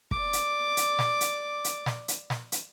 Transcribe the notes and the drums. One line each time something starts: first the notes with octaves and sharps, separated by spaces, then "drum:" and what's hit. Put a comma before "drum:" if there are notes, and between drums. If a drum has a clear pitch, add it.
D5 D6, drum: kick
drum: hi-hat
drum: hi-hat
drum: snare
drum: hi-hat
drum: hi-hat
drum: snare
drum: hi-hat
drum: snare
drum: hi-hat